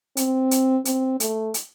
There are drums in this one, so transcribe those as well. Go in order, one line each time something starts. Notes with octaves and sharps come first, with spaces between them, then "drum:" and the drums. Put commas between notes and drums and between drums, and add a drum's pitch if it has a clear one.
C4, drum: hi-hat
drum: hi-hat
C4, drum: hi-hat
A3, drum: hi-hat
drum: hi-hat